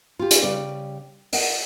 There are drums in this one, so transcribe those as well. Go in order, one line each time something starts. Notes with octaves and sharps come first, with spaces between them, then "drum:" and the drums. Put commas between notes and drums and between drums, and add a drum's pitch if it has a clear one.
F4 G4
drum: hi-hat
C#3 G3 D5 G5
A#4 D#5 F#5, drum: open hi-hat